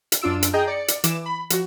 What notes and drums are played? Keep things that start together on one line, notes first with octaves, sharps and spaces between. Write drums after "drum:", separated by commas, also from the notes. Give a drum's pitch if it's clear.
drum: hi-hat
F#2 D4 F4 E6 D7
drum: hi-hat
G#4 D#5 G5 A#5 D#6 G6
D5 C#7
drum: hi-hat
E3 D6 E7, drum: hi-hat
B5
F3 F#4, drum: hi-hat